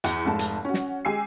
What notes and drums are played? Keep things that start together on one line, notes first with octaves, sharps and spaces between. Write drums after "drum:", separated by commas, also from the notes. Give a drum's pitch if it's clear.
E2, drum: hi-hat
F1 G#2 A5
drum: hi-hat
C#4 F#4
drum: snare
G#3 G4 G#5 E6 C7